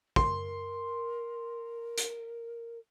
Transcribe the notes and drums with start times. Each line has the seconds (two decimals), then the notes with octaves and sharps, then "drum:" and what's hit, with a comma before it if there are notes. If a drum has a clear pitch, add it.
0.16 A#4 C6, drum: kick
1.97 drum: hi-hat